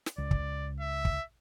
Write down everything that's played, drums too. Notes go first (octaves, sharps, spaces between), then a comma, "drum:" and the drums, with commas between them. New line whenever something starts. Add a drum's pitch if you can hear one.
drum: snare
C#2 D5
drum: kick
E5
drum: kick